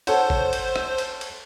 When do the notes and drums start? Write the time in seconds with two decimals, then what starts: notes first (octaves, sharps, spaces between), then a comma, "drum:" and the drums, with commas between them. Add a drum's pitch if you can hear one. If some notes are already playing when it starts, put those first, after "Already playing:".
0.07 A4 C5 C#5 F#5, drum: cymbal
0.30 drum: kick G#1
0.53 drum: cymbal
0.76 drum: rim click
0.98 drum: cymbal
1.21 drum: cymbal